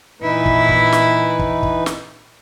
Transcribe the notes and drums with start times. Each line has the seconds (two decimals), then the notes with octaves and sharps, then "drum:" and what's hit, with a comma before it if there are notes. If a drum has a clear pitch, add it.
0.22 A#2 E3 D#4 E4 B4
0.46 drum: kick
0.69 drum: kick
0.92 drum: snare
1.39 drum: kick
1.63 drum: kick
1.86 drum: snare